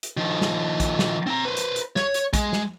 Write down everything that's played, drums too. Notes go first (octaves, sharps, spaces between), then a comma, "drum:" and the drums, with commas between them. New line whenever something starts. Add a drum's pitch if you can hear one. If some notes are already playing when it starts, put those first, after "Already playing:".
drum: hi-hat
D#3 F3
drum: snare
drum: kick, hi-hat
drum: snare
C4 A#5
B4 C5
drum: hi-hat
drum: hi-hat
C#5, drum: snare
drum: hi-hat
G#3, drum: kick, hi-hat
drum: snare